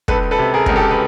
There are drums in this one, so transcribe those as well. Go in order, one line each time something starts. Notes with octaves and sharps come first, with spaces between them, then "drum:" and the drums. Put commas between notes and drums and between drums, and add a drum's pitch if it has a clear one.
C#2 A4 B4, drum: kick
A4 B4
C3
G#4 A#4
C#2 A#4, drum: kick
G4 A4
B4